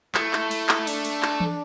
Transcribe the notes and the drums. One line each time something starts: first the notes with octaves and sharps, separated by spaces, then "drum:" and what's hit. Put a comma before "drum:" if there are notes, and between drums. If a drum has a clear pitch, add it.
A3 E4, drum: clap
drum: clap
drum: cymbal
drum: clap
D4, drum: cymbal
drum: cymbal
drum: clap
drum: tom E3